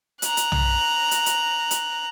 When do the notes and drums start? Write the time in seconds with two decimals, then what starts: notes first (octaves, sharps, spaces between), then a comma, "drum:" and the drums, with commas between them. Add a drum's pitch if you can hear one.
0.22 A#5 F#6, drum: hi-hat
0.37 drum: hi-hat
0.52 drum: tom B1
1.11 drum: hi-hat
1.26 drum: hi-hat
1.71 drum: hi-hat